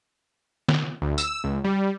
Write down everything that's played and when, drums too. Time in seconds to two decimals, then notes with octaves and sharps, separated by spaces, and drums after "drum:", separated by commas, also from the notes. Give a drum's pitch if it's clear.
0.69 drum: snare
1.02 D2
1.18 E6, drum: tambourine
1.44 C#2
1.64 G3